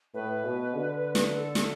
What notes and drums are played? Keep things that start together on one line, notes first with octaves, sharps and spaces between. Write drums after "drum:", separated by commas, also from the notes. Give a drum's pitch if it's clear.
A2 B4
B2
D3
drum: snare
A4
drum: snare